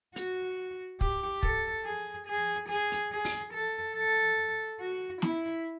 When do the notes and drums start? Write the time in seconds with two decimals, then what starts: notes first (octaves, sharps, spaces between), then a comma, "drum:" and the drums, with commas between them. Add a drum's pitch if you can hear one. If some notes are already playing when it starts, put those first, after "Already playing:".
0.16 F#4, drum: hi-hat
1.01 G4, drum: kick
1.43 A4, drum: kick
1.86 G#4
2.27 G#4
2.69 G#4
2.92 drum: hi-hat
3.12 G#4
3.25 drum: open hi-hat
3.54 A4
3.96 A4
4.81 F#4
5.22 E4, drum: snare